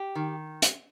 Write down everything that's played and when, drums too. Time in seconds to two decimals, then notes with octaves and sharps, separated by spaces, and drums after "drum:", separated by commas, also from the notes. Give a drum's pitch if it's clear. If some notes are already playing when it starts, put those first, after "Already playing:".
Already playing: G4
0.15 D#3
0.62 drum: hi-hat